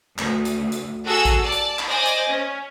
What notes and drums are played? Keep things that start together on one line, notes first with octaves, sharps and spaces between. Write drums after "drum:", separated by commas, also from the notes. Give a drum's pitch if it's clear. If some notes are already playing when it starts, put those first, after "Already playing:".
D2, drum: clap
drum: hi-hat
drum: hi-hat
F#4 G#4 A4 F#5 E6
drum: kick A1, hi-hat
D5 A5
drum: hi-hat
drum: clap
C5 D5 D#5 G#5 A#6
drum: hi-hat
C#4